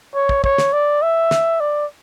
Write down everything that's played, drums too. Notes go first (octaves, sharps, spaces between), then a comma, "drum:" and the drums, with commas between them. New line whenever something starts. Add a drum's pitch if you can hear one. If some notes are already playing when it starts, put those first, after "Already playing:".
C#5
drum: kick
C#5, drum: kick
drum: snare
D5
E5
drum: snare
D5